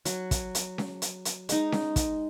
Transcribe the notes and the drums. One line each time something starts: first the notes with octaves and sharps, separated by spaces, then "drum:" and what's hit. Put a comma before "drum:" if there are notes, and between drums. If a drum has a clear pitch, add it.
F#3, drum: hi-hat
drum: kick, hi-hat
drum: hi-hat
drum: snare C#4
drum: hi-hat
drum: hi-hat
G#3 D#4, drum: hi-hat
drum: snare C#4
drum: kick, hi-hat